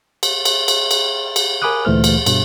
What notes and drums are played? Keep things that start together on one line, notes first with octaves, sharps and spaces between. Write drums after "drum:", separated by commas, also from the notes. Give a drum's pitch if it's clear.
drum: cymbal
drum: cymbal
drum: cymbal
drum: cymbal
drum: cymbal
A#4 G#5 B5 D6 D#6 F#6
D2 A#2 E3 A3 C5 F6
drum: cymbal
G2 B2, drum: cymbal